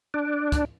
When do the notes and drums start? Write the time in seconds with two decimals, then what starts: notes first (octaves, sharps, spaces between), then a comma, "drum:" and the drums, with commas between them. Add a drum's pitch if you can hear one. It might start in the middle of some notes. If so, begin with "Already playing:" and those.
0.14 D4
0.52 drum: kick, hi-hat